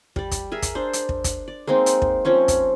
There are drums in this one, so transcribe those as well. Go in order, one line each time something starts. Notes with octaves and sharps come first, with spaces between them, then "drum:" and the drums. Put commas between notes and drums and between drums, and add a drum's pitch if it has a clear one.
G3 D5, drum: kick
drum: kick, hi-hat
G#4 A#4 E5
drum: kick, hi-hat
D4 C5
drum: hi-hat
drum: kick
drum: kick, hi-hat
D5
G#3 A#3 C4 D#4
drum: hi-hat
drum: kick
F3 C4 C#4 C#6
drum: kick, hi-hat